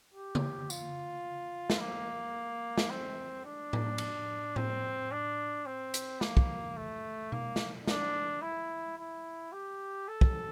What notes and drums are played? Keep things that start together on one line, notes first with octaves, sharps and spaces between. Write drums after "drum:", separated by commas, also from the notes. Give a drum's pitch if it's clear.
G4
drum: tom C#3
F4, drum: tambourine
drum: snare
A#3
drum: snare
C4
D4
drum: tom A2
drum: cymbal
C4, drum: tom A2
D4
C4
drum: hi-hat
A#3, drum: snare
drum: kick
A3
A#3, drum: tom B2
drum: snare
D4, drum: snare
E4
E4
G4
A4
drum: kick